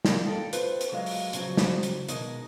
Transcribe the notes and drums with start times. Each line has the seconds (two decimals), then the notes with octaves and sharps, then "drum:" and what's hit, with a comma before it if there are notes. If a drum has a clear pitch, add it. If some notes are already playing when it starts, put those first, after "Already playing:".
0.05 F#2 A#3, drum: snare
0.25 D#4 F4 A4 G5
0.53 F4 B4 C5, drum: hi-hat
0.81 drum: hi-hat
0.92 F#3 G#3 D#5 F5
1.06 drum: open hi-hat
1.33 C#3 F3 F#3 C4, drum: hi-hat
1.57 drum: snare
1.83 drum: hi-hat
2.09 B2 D#3 G#3 D#4 D#5, drum: hi-hat